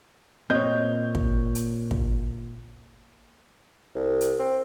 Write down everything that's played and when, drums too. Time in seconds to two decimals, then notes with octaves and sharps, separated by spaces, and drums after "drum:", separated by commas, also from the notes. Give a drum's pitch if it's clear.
0.50 A#2 C4 C#5 D#5 G6
1.15 drum: kick
1.55 drum: hi-hat
1.91 drum: kick
3.95 C2
4.21 drum: hi-hat
4.39 C4